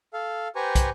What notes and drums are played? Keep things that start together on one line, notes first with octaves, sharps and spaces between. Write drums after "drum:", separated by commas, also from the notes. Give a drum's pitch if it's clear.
A4 F5
G4 B4 C5 G#5 A#5 C#6
drum: kick, hi-hat